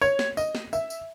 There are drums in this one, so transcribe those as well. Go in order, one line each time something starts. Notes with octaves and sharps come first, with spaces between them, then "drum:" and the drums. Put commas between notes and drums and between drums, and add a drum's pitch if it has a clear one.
C#5, drum: tambourine
drum: snare
D#5, drum: tambourine
drum: snare
E5, drum: tambourine
drum: tambourine